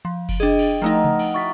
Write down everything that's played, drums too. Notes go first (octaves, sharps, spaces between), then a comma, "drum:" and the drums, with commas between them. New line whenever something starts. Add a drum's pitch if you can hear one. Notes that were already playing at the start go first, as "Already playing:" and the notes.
F3
drum: kick F#1, cymbal
D4 G#4 D#5 G5
drum: cymbal
F3 A3 D#4 A#4 D#5 F#5
drum: tom C#3
drum: cymbal
E4 F#4 C#6 A6 B6